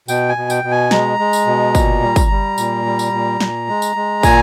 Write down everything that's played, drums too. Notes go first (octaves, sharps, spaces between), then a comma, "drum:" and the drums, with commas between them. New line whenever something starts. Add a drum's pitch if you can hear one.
B2 G5, drum: tambourine
G#5
B2
G5, drum: tambourine
B2
G#5
G#3 A#5, drum: snare
G#3
drum: tambourine
B2
A#2, drum: kick, tambourine
G3
drum: kick, tambourine
G3
A#2, drum: tambourine
G3
drum: tambourine
A#2
A#2, drum: snare
G#3
drum: tambourine
G#3
A#2 G#5, drum: kick, tambourine